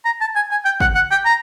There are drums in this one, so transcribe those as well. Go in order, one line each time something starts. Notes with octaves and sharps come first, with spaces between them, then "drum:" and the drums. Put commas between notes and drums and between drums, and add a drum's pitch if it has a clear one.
A#5
A5
G#5
G#5
G5
F#5, drum: kick
F#5
G5
A#5